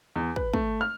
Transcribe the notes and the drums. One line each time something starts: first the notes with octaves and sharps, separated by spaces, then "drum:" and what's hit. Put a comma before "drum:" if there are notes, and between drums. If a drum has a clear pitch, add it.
E2
B4, drum: kick
A3, drum: kick
F6